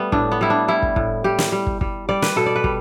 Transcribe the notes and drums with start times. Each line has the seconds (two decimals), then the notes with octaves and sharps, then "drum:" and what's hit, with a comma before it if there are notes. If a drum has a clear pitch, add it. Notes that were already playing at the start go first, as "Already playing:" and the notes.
Already playing: G3 A3 B3
0.12 A2 D4, drum: kick
0.32 B3
0.41 G3 E4
0.50 D4
0.68 G3 E4
0.83 drum: kick
0.96 A2, drum: kick
1.24 G3 G4
1.39 drum: snare
1.52 G3
1.67 drum: kick
1.81 G3, drum: kick
2.09 G3 D5
2.22 B4, drum: snare
2.36 B2 A4
2.46 D5
2.56 B4
2.64 G3, drum: kick